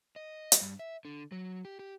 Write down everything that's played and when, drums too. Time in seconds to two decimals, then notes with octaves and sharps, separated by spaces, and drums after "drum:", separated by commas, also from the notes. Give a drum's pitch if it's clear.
0.16 D#5
0.52 drum: hi-hat
0.61 G2
0.79 E5
1.05 D3
1.32 F#3
1.65 G4
1.79 G4